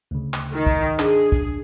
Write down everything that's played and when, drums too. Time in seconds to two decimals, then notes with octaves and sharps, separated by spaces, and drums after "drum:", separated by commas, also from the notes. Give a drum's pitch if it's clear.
0.11 D2 C#3
0.34 drum: clap
0.54 D#3
0.66 drum: kick
0.99 D4 G#4, drum: clap
1.32 drum: kick